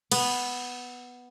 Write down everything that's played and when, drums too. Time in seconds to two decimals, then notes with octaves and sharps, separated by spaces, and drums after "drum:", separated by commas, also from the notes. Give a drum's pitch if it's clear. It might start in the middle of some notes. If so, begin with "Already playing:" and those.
0.11 B3, drum: cymbal